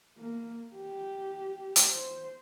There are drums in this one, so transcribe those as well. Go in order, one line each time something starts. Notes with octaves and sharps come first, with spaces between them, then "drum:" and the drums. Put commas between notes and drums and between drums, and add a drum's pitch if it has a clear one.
A#3
G4
drum: hi-hat
C5